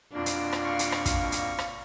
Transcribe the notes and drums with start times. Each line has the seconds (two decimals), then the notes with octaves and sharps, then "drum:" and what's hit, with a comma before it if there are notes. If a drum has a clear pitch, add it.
0.13 F2 B2 A#3 D4 F4
0.26 drum: hi-hat
0.52 drum: rim click
0.65 F5 C#6
0.79 drum: hi-hat
0.92 drum: rim click
1.05 drum: kick, hi-hat
1.32 drum: hi-hat
1.59 drum: rim click